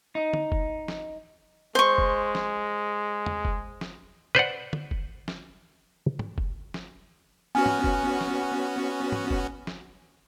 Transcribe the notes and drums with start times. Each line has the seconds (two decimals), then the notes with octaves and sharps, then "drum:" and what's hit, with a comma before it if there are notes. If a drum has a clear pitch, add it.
0.15 D#4
0.33 drum: tom D3
0.52 drum: kick F1
0.88 drum: snare
1.75 G#3 C5 C#6
1.98 drum: kick F1
2.35 drum: snare
3.26 drum: tom E2
3.45 drum: kick F1
3.81 drum: snare
4.35 B4 C5 D5 F#5
4.73 drum: tom D3
4.91 drum: kick F1
5.28 drum: snare
6.19 drum: tom G#2
6.38 drum: kick F1
6.74 drum: snare
7.55 B3 C#4 F#4 G#5 F6
7.66 drum: tom G#2
7.84 drum: kick F1
8.21 drum: snare
9.12 drum: tom G#2
9.31 drum: kick F1
9.67 drum: snare